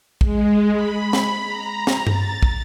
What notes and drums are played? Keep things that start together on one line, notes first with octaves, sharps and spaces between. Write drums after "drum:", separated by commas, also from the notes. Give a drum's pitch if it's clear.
G#3, drum: kick
B5
drum: snare
A#5
drum: snare
A6, drum: tom G2
drum: kick